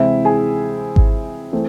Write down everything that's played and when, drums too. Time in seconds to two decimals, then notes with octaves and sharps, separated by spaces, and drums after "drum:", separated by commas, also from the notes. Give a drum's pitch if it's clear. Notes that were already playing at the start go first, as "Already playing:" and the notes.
Already playing: C3 E3 G#3 C4 E4 E5
0.25 G#4 G#5
0.96 drum: kick G#1
1.53 E3 A3 C4